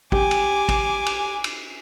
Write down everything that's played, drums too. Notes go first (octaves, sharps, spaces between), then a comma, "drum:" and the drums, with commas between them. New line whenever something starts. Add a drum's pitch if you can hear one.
G4 G#5 D6, drum: kick
drum: cymbal
drum: kick, cymbal
drum: cymbal
drum: cymbal